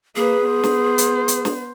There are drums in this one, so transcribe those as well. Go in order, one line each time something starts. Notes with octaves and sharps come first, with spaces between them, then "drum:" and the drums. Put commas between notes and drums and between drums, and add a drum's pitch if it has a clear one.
A#3 G#4 B4
B3 C5
drum: snare
drum: hi-hat
drum: hi-hat
drum: snare